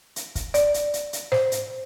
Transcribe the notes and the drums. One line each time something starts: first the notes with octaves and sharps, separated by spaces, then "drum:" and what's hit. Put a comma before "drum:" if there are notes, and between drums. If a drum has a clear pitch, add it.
drum: hi-hat
drum: kick, hi-hat
D5, drum: hi-hat
drum: hi-hat
drum: hi-hat
drum: hi-hat
C5, drum: snare
drum: hi-hat